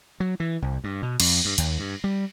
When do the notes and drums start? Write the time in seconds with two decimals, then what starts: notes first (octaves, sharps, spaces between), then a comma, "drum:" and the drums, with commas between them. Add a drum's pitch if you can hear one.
0.20 F#3
0.40 E3
0.62 C2
0.84 G2
1.03 B2
1.20 F2, drum: cymbal
1.45 G2
1.58 D#2, drum: hi-hat
1.79 G2
2.04 G3